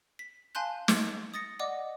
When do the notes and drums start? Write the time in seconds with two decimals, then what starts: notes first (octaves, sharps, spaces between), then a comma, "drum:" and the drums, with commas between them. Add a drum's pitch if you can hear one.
0.19 B6
0.55 F5 G#5 A5 C6 F#6 G6
0.88 A6, drum: snare
1.34 D#6 A6 A#6 C#7
1.59 D5 D#5 F#5 D6